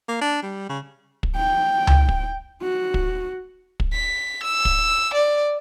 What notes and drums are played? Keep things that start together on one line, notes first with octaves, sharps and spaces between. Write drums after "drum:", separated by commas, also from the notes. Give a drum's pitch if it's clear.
A#3
D4
G3
C#3
drum: kick
G5
drum: tom C#2
drum: kick
F#4
drum: kick
drum: kick
B6
E6
drum: kick
D5